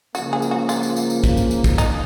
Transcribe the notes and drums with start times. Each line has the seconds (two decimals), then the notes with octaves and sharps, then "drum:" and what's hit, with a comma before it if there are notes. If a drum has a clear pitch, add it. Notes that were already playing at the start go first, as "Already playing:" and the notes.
0.15 C#2 C#3 F3 A#3 F#4, drum: tambourine
0.33 G#4
0.42 drum: tambourine
0.51 F#4
0.69 F4, drum: tambourine
0.83 drum: tambourine
0.96 drum: tambourine
1.10 drum: tambourine
1.24 drum: kick, tambourine
1.37 drum: tambourine
1.51 drum: tambourine
1.64 drum: kick, tambourine
1.78 D#4, drum: tambourine